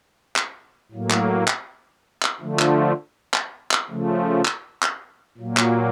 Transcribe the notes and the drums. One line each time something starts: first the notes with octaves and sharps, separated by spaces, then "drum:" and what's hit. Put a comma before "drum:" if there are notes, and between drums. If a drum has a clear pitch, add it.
drum: clap
A2 F#3 A#3
drum: clap
drum: clap
drum: clap
D3 F3 A3
drum: clap
drum: clap
drum: clap
C#3 F3 A3
drum: clap
drum: clap
A#2 F#3 A#3
drum: clap